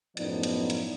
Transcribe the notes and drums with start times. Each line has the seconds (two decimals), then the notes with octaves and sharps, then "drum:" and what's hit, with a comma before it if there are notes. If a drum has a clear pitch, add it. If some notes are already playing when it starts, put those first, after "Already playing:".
0.17 F#2 A2 F3 B3 D#4 D5, drum: hi-hat
0.43 drum: hi-hat
0.70 drum: hi-hat